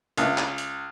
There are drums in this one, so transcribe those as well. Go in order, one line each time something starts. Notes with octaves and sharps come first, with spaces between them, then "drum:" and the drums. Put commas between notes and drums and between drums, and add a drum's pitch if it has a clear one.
C#2, drum: hi-hat
drum: clap
drum: hi-hat